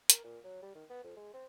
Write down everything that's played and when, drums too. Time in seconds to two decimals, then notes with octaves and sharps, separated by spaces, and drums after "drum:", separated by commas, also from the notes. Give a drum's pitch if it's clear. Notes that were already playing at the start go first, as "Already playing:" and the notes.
0.10 A#4, drum: hi-hat
0.24 A#2
0.44 F#3
0.63 G3
0.75 D#3
0.90 B3
1.04 F2
1.17 G#3
1.34 C4